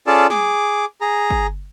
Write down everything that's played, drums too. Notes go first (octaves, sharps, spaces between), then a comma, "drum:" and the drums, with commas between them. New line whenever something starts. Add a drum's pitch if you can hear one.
C#4 F4 G#4 A4 D5 A5
G#4 D6, drum: snare
G#4 A#5
drum: kick